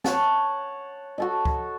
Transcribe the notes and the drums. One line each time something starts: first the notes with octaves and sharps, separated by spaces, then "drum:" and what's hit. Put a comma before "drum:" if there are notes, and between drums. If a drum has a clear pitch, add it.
C#5 F#5 A5, drum: snare
F#4 A4 D#5
drum: kick C#2